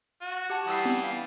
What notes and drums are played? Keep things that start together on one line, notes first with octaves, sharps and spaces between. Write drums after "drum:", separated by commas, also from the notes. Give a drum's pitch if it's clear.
F#4
G4 F#5 A5, drum: hi-hat
E3 G3 D#6 E6 C7
drum: tom B3
F5, drum: hi-hat